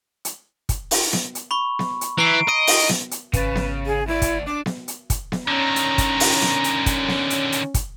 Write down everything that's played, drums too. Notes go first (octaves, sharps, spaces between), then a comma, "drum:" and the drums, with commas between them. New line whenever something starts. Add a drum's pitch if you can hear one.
drum: hi-hat
drum: kick, hi-hat
drum: open hi-hat
drum: snare B3
drum: hi-hat
B5 C#6
drum: snare B3
drum: hi-hat
E3 A#5 C7 D7
D#5 D#7
drum: open hi-hat
drum: snare B3
drum: hi-hat
G#1 C#3 B4 A6, drum: kick, hi-hat
drum: snare B3
G#4
D2 E4 D5
drum: kick, hi-hat
D4 D6
drum: snare B3
drum: hi-hat
drum: kick, hi-hat
drum: snare B3
D3 D#3 C#4 A#5
drum: hi-hat
drum: kick, hi-hat
drum: open hi-hat
drum: snare B3
drum: hi-hat
drum: kick, hi-hat
drum: snare B3
drum: hi-hat
drum: hi-hat
drum: kick, hi-hat